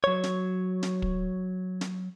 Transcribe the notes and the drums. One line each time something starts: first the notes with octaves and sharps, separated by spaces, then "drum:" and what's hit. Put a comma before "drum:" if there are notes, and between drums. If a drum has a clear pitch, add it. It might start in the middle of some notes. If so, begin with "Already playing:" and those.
F#3 C#5
drum: snare
drum: snare
drum: kick
drum: snare